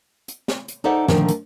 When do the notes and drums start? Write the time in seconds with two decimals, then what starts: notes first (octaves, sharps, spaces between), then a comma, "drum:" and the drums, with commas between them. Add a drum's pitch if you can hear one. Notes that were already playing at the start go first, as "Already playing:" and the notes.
0.28 drum: hi-hat
0.48 drum: snare
0.68 drum: hi-hat
0.84 D#4 A4 C5 D5 E5 F#5
1.08 A#2 D3 D#3 F3 A3 A#3, drum: snare
1.28 drum: hi-hat